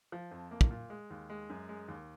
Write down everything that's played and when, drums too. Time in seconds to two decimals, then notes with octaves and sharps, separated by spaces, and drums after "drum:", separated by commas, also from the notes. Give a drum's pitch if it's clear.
0.12 F3
0.31 F2
0.51 A#3
0.61 drum: kick
0.71 A#2
0.90 G#3
1.10 D#2
1.30 G#3
1.50 F#2
1.69 G#3
1.88 D#2